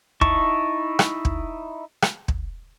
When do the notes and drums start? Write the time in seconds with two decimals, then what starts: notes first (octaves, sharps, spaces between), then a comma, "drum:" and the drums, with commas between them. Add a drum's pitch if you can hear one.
0.21 D#4 E4 A5 C#6, drum: kick
0.99 drum: rim click
1.25 drum: kick
2.02 drum: rim click
2.28 drum: kick